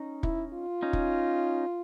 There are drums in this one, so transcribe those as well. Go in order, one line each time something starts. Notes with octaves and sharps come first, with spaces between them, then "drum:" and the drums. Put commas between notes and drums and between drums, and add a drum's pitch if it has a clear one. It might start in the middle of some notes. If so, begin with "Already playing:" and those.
Already playing: C#4 D#4
E4, drum: kick
F4
C#4 D#4
drum: kick